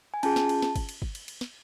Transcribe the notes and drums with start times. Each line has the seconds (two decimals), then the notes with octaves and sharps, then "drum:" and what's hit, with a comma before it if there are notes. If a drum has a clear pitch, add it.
0.14 G#5
0.23 C#4 F4 G#4 A5, drum: cymbal
0.36 drum: snare
0.49 drum: cymbal
0.62 drum: snare
0.76 drum: kick, cymbal
0.89 drum: cymbal
1.02 drum: kick
1.15 drum: cymbal
1.28 drum: cymbal
1.41 drum: snare